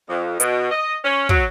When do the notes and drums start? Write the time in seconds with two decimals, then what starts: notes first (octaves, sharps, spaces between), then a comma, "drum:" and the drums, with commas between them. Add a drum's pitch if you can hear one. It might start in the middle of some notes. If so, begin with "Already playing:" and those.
0.09 F2
0.40 B2, drum: hi-hat
0.71 D#5
1.05 C#4
1.29 F#3, drum: kick